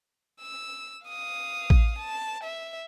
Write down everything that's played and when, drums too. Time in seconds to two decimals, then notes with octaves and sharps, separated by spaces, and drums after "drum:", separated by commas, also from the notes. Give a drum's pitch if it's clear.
0.41 E6
1.06 F5 D#6
1.70 drum: kick A1
1.99 A5
2.44 E5